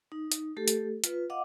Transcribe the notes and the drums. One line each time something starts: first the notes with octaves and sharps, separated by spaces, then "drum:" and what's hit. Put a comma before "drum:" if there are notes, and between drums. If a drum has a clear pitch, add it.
D#4
drum: hi-hat
A3 G4 A4
drum: hi-hat
F4 B4, drum: hi-hat
D#5 F5 F#5 D6